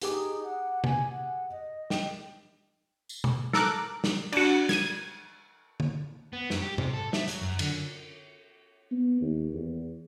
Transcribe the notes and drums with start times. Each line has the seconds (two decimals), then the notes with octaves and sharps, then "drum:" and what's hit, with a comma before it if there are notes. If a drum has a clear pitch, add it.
0.02 D#4 G4 G#4 D6, drum: hi-hat
0.43 F#5
0.84 G#5, drum: tom
1.10 F#5
1.51 D#5
1.90 G5, drum: snare
3.09 drum: tambourine
3.24 drum: tom B2
3.53 A4 A#4 D6 F#6, drum: snare
4.04 drum: snare
4.32 D4 F#4, drum: cymbal
4.69 G#6 D#7, drum: snare
5.80 drum: tom D3
6.33 B3
6.50 F#2, drum: snare
6.62 G4
6.78 C3, drum: tom G#2
6.93 A4
7.13 E5, drum: snare
7.28 F#3, drum: hi-hat
7.41 F#2
7.59 D3, drum: cymbal
8.92 B3
9.21 D#2
9.54 E2